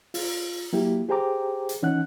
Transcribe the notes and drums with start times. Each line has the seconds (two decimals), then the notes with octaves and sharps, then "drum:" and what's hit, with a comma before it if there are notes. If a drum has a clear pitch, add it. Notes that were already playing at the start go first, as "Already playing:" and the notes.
0.14 F4, drum: open hi-hat
0.73 F#3 A#3 E4 G4
1.09 G4 G#4 C5 G5 A#5 D6
1.69 drum: hi-hat
1.82 E3 C#4 D#4 F#5 F#6